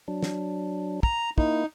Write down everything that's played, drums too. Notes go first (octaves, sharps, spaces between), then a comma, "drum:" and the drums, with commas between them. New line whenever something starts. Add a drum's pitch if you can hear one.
F#3 D4
drum: snare
A#5, drum: kick
A#3 D#4 E4, drum: kick